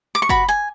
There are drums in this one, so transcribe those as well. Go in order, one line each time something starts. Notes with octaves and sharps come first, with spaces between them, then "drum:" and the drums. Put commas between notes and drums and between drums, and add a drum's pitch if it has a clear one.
D6
C#6
F#4 B5, drum: kick
G#5